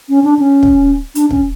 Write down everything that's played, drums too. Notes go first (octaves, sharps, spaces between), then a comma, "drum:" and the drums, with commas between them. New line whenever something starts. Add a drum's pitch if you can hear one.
C#4
D4
C#4
drum: kick
D4, drum: hi-hat
C#4, drum: kick